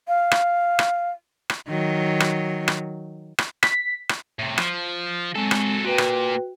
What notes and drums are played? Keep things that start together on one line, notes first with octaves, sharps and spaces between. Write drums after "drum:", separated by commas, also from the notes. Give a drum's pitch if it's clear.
F5
drum: rim click
drum: rim click
drum: rim click
D#3 F#3
drum: rim click
drum: rim click
drum: rim click
B6, drum: rim click
drum: rim click
A2 C3
F3, drum: rim click
F#3 G#3 C4 A4
drum: rim click
A#2 F#4 B4 G5
drum: rim click